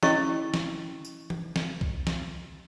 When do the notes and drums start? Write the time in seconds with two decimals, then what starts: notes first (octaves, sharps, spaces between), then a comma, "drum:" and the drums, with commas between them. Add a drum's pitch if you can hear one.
0.03 C#4 E4 D#5 C#6, drum: snare
0.54 drum: snare
1.05 drum: tambourine
1.30 drum: tom E3
1.56 drum: snare
1.81 drum: kick B1
2.07 drum: snare